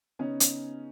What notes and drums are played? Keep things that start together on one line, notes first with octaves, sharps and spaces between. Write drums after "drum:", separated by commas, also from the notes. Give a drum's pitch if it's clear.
C#3 B3 C#4 D#4 C#5
drum: hi-hat